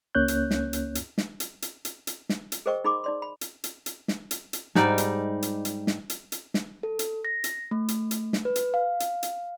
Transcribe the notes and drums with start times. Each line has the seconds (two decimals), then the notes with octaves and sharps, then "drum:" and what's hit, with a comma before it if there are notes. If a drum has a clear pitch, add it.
0.15 C#2 A#3 C#4 C#5 F#6 G6
0.28 drum: hi-hat
0.51 drum: snare
0.73 drum: hi-hat
0.95 drum: hi-hat
1.18 drum: snare
1.40 drum: hi-hat
1.62 drum: hi-hat
1.85 drum: hi-hat
2.07 drum: hi-hat
2.29 drum: snare
2.52 drum: hi-hat
2.66 G#4 A#4 C5 D#5 G5 C#6
2.84 D#4 G#4 B5 C6 D6
3.04 D#4 D5 C6
3.22 B5
3.41 drum: hi-hat
3.64 drum: hi-hat
3.86 drum: hi-hat
4.08 drum: snare
4.31 drum: hi-hat
4.53 drum: hi-hat
4.75 G#2 G3 D#4 D5, drum: snare
4.98 drum: hi-hat
5.42 drum: hi-hat
5.65 drum: hi-hat
5.87 drum: snare
6.10 drum: hi-hat
6.32 drum: hi-hat
6.54 drum: snare
6.83 A4
6.99 drum: hi-hat
7.25 A#6
7.44 drum: hi-hat
7.71 A3
7.88 drum: hi-hat
8.11 drum: hi-hat
8.33 drum: snare
8.45 B4
8.56 drum: hi-hat
8.74 F5
9.00 drum: hi-hat
9.23 drum: hi-hat